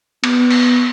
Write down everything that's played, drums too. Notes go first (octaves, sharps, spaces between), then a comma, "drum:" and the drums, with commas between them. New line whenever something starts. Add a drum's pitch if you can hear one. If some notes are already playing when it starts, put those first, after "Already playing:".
B3, drum: cymbal
drum: cymbal